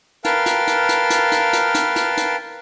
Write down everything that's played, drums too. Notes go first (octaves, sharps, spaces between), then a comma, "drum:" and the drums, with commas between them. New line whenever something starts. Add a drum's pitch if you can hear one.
A#4 B4 F5 G5 A5 F6, drum: hi-hat
drum: hi-hat
drum: hi-hat
drum: hi-hat
drum: hi-hat
drum: hi-hat
drum: hi-hat
drum: hi-hat
drum: hi-hat
drum: hi-hat